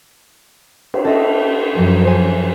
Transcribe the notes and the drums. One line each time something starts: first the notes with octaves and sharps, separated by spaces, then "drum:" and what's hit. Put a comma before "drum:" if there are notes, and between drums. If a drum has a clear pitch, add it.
drum: cymbal
A4 D#5 E5
F#2 F3
C5 G#5